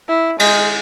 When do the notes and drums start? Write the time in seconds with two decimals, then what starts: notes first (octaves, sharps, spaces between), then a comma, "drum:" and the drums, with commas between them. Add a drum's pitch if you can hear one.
0.09 E4
0.39 G#3, drum: cymbal